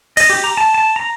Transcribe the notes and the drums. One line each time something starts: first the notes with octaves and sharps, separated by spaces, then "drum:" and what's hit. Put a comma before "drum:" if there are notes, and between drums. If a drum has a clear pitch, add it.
D#5, drum: cymbal
G4
A#5
A5
A5
A#5